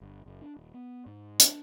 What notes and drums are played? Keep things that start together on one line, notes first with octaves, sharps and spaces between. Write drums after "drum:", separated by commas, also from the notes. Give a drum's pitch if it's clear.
G1
F#1
D4
D#1
B3
G#2
D4, drum: hi-hat